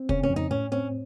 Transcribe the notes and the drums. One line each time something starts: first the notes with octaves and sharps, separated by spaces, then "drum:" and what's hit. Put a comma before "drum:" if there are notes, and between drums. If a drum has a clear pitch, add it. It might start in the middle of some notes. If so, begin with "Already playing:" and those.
Already playing: C4
C#3 C#4, drum: kick
C#4
F2
D#4
A2 C#4
C4 C#4